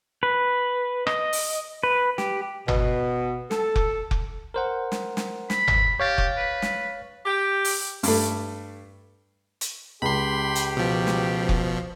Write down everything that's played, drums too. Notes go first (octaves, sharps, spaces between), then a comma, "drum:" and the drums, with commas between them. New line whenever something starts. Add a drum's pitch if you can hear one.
B4
D#5, drum: rim click
drum: open hi-hat
B4
G4, drum: snare
B2, drum: tom G1
A4, drum: snare
drum: kick F1
drum: kick F1
A#4 C5 F#5
drum: snare
drum: snare
B5, drum: snare
drum: tom G1
G4 C#5 F5 A6
drum: kick F1
B4
drum: snare
G4
drum: open hi-hat
G2 A3, drum: open hi-hat
drum: hi-hat
C#2 G4 B5 C6
drum: hi-hat
B2 F3
drum: snare
drum: kick F1